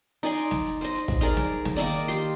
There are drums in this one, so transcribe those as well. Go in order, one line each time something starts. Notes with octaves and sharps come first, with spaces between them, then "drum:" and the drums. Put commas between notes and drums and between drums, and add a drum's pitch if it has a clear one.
D#4 D5 G#5 C6
drum: hi-hat
drum: snare
drum: hi-hat
C5 D#5, drum: hi-hat
drum: hi-hat
drum: kick, hi-hat
D#4 G#4 A#4 D5, drum: hi-hat
drum: snare
drum: snare
D#3 A#3 D#4 D5
drum: hi-hat
G4 C6, drum: hi-hat